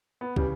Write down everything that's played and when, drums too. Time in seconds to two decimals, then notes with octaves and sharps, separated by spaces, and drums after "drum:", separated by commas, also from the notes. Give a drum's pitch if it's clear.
0.21 B3
0.36 C#3 E3 G3, drum: kick